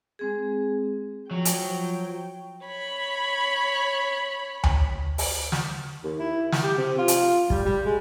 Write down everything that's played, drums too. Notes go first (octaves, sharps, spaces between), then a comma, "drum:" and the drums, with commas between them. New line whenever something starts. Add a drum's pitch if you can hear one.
G#3 C4 G#4
F3 F#3 G5
drum: hi-hat
C#5 B5
drum: tom D2
drum: open hi-hat
drum: snare
D#2
E4
drum: snare
G4
C3
F4
drum: hi-hat
G3, drum: kick
G3
G#3